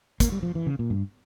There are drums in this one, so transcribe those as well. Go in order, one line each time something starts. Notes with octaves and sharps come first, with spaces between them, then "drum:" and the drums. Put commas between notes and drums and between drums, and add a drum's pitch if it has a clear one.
A#3, drum: kick, hi-hat
G3
F3
E3
C#3
A#2
G2